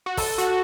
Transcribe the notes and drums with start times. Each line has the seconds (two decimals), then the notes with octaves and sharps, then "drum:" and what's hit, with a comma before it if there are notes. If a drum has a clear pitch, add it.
0.06 F#4
0.17 A4, drum: kick, open hi-hat
0.38 F#4, drum: hi-hat